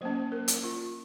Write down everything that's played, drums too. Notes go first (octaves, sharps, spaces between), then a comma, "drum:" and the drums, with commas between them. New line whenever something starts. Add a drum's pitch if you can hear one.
F#3 A#3 C#4 C5
A#4
drum: hi-hat
F4